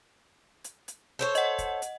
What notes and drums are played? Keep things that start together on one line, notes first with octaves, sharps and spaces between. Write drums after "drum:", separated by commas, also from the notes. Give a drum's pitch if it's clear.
drum: hi-hat
drum: hi-hat
A4 C5 C#5
D#5 F#5, drum: hi-hat
drum: kick, hi-hat
drum: hi-hat